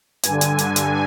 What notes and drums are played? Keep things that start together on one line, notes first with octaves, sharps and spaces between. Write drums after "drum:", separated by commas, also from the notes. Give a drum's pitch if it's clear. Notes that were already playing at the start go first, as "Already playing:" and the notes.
G2 D3 G#5, drum: hi-hat
drum: hi-hat
drum: hi-hat
drum: hi-hat